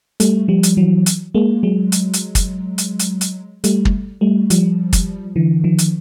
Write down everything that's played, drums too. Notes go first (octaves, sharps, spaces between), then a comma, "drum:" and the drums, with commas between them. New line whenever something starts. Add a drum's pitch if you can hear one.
G3 A3, drum: hi-hat
F3 G3
drum: hi-hat
E3 F#3
drum: hi-hat
G#3 A#3
F#3 G#3
drum: hi-hat
drum: hi-hat
drum: kick, hi-hat
drum: hi-hat
drum: hi-hat
drum: hi-hat
G3 A3, drum: hi-hat
drum: kick
G3 A3
F3 G3, drum: hi-hat
drum: kick, hi-hat
D3 E3
D#3 F3
drum: hi-hat